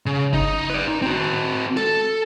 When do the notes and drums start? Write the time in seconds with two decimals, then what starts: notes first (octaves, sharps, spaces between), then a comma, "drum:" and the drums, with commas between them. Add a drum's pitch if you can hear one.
0.06 C#3
0.33 D#4, drum: kick F#1
0.70 B4 D5
0.88 D#4
1.02 C4 F#4
1.77 A4, drum: snare